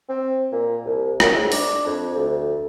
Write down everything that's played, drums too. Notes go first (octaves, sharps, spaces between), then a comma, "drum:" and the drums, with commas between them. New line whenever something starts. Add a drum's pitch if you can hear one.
C4
A#2
C2
F#2, drum: rim click
G#2
D4, drum: open hi-hat
F2
D2